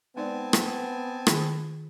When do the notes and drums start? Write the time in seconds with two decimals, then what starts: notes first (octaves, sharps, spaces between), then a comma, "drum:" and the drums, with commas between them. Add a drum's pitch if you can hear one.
0.16 G#3 B3 C4 D#4 D5 G#5 A5
0.53 drum: rim click
1.27 D#3 F4 G#4, drum: rim click